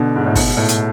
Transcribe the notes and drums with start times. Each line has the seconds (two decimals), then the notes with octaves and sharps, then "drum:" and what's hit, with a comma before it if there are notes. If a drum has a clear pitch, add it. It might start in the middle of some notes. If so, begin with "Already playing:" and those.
Already playing: B2 D3
0.16 G#2
0.26 A2
0.35 B2, drum: kick, open hi-hat
0.46 G#2
0.57 A2
0.69 drum: hi-hat